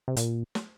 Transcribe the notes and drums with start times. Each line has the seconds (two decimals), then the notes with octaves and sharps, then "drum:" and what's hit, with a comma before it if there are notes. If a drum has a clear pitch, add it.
0.08 C3
0.17 A#2, drum: hi-hat
0.55 drum: snare